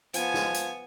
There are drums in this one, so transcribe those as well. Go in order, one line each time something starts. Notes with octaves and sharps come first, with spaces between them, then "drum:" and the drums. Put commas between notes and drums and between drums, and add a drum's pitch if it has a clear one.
F3 B3 G#5, drum: hi-hat
drum: snare
drum: hi-hat